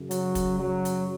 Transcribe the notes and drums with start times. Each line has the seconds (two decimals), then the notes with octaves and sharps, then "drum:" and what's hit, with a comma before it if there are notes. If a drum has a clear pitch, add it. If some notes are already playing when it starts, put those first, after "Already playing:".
Already playing: F#2 C#3
0.11 F#3, drum: hi-hat
0.35 drum: kick, hi-hat
0.60 F#3
0.85 drum: hi-hat